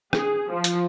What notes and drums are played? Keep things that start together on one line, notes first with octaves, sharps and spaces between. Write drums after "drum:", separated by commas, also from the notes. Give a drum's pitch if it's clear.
G#4, drum: rim click
F3
drum: hi-hat